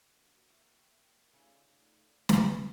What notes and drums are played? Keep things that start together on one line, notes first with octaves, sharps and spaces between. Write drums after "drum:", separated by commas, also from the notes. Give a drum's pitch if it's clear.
D3 A#3 F4 F#4
F#4 A#4 E5 G5 C#6
C#3 A3 D#4 F4 A4 C#5 D5
drum: snare